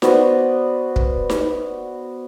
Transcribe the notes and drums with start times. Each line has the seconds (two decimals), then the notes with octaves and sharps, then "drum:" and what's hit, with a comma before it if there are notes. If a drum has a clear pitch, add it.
0.02 B3 F#4 C5 D5, drum: snare D#4
0.96 drum: kick
1.30 drum: snare D#4